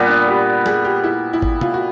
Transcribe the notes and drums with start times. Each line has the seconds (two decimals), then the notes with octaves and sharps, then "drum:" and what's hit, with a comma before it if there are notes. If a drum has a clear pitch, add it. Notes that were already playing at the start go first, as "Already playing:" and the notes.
Already playing: A#2 G3 B3
0.09 D4
0.28 G4
0.66 G#4, drum: snare
0.84 G4
1.04 E4
1.33 E4
1.42 drum: kick G#1
1.61 F4, drum: tom
1.74 F#4